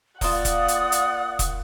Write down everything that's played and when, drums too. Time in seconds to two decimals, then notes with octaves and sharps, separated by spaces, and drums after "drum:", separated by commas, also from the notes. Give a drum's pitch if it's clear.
0.21 A#3 F4 D5 F#5 D#6, drum: kick E1, open hi-hat
0.45 drum: kick E1, hi-hat
0.68 drum: hi-hat
0.92 drum: hi-hat
1.39 drum: kick E1, hi-hat